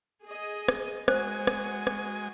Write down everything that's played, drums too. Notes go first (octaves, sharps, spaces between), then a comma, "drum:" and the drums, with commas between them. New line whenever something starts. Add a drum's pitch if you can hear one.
G#4 D#5
drum: rim click
G#3 F#4 C5 G#5, drum: rim click
drum: rim click
drum: rim click